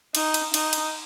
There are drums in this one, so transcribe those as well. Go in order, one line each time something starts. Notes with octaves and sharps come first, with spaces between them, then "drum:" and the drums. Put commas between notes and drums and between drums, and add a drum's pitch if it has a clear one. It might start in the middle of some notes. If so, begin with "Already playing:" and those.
D#4, drum: cymbal
drum: cymbal
D#4, drum: cymbal
drum: cymbal